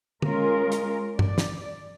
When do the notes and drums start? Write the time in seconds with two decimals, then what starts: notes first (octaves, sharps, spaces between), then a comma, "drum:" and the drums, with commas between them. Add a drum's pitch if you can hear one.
0.22 G#3 C#4 F4 A#4, drum: tom
0.72 drum: hi-hat
1.19 D5, drum: tom G2
1.38 drum: snare